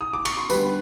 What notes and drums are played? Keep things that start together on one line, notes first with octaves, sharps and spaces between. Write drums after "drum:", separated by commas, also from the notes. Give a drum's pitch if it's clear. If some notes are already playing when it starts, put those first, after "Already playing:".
D#6
D6
C#6, drum: cymbal
C6
D3 G3 B3 B4 B5, drum: tambourine